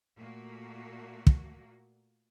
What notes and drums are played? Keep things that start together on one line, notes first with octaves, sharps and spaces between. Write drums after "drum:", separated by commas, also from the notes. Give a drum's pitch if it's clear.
A#2 A3 A#3 F#4
drum: kick